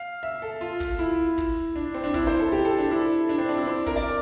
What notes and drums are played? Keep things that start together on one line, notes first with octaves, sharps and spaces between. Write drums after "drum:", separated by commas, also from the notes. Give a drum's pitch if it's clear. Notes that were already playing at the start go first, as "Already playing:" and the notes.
Already playing: F5
E5, drum: open hi-hat
A4, drum: hi-hat
F4
drum: kick, hi-hat
E4, drum: hi-hat
drum: kick
drum: hi-hat
D4, drum: hi-hat
C4, drum: hi-hat
D4
E4, drum: kick, hi-hat
C5
A4
G4, drum: hi-hat
A4
D4
E4
drum: hi-hat
D4, drum: open hi-hat
C4
D4, drum: hi-hat
E4
C4
A#4, drum: kick, hi-hat
D5
drum: hi-hat